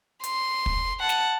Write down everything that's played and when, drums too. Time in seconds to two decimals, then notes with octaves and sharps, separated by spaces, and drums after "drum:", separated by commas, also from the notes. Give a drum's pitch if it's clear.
0.24 C6, drum: hi-hat
0.66 drum: kick
1.00 F#5 A5
1.09 drum: snare